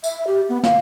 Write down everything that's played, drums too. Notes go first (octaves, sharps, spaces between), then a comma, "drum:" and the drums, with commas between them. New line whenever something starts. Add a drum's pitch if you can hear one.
E5, drum: tambourine
G4
B3
F5, drum: snare